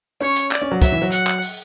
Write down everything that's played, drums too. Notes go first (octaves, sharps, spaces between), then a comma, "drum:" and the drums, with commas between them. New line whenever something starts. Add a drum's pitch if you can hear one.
C#4 C#5
drum: hi-hat
D5, drum: clap
C#4
F#3
F#3 E5, drum: kick, hi-hat
E3
F#3
F#5, drum: hi-hat
drum: clap
drum: open hi-hat